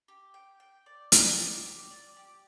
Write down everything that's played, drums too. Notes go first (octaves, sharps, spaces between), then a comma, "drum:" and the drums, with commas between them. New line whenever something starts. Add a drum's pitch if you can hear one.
G4
G5
G5
D5
A#4, drum: hi-hat
D5
G4
D5
G4